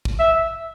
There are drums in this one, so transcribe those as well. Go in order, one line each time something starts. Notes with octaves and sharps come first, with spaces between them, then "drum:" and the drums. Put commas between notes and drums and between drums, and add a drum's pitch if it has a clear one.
drum: kick
E5